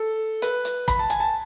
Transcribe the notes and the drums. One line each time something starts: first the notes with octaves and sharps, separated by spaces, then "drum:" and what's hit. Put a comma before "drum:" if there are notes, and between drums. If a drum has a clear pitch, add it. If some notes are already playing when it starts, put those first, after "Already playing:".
Already playing: A4
B4, drum: hi-hat
drum: hi-hat
B5, drum: kick, hi-hat
A5
G#5, drum: hi-hat
A5